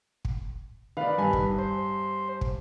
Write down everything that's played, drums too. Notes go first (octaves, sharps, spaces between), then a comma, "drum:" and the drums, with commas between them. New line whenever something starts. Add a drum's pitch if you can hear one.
drum: kick
D#3 B4 D5 F5
G2 G#5
drum: kick
C5
drum: kick